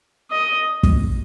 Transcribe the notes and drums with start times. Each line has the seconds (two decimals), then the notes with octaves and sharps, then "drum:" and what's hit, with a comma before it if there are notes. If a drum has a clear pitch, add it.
0.31 D#5
0.83 drum: kick